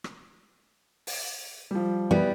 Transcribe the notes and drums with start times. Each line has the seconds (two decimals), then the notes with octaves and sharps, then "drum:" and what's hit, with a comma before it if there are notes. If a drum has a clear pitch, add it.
0.04 drum: rim click
1.07 drum: open hi-hat
1.71 F3 G3
2.11 E3 G3 B3 E4